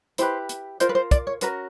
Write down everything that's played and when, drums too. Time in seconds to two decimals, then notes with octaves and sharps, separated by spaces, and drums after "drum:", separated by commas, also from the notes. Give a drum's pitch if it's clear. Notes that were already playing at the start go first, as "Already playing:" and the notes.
0.18 E4 G4 B4 C5, drum: hi-hat
0.49 drum: hi-hat
0.80 F4 A#4 C5, drum: hi-hat
0.89 B4
0.95 C5
1.11 D5, drum: kick, hi-hat
1.27 C#5
1.41 C#4 F#4 A#4 B4, drum: hi-hat